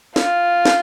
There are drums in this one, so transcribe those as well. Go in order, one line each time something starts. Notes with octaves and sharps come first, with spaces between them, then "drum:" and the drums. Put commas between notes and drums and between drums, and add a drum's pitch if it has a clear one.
F4, drum: snare
drum: snare